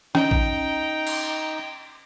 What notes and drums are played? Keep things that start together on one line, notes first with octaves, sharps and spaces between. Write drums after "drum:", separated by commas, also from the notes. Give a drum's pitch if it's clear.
C#4 D#4 G5 A#5, drum: snare
drum: kick A1
drum: cymbal